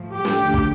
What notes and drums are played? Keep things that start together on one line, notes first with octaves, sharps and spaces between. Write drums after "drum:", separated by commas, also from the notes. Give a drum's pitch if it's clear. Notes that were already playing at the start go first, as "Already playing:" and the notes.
Already playing: A2 F3
G4
drum: snare
D2 D3 F3
drum: kick